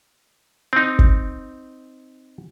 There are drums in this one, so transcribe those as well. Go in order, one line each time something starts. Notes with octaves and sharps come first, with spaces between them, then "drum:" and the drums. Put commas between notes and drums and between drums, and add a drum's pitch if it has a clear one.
C4 D#4
drum: kick